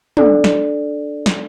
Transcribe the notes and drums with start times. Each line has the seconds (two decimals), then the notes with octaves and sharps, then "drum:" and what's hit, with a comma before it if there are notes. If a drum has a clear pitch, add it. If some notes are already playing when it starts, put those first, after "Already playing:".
0.17 D4 A4 D5, drum: tom
0.44 drum: snare
1.26 drum: snare